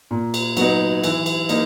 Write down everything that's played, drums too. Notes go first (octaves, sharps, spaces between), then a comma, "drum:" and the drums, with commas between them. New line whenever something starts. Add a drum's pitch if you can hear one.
A#2
drum: cymbal
F#3 B3 D#4, drum: cymbal
E3, drum: cymbal
drum: cymbal
A#3 D#4, drum: cymbal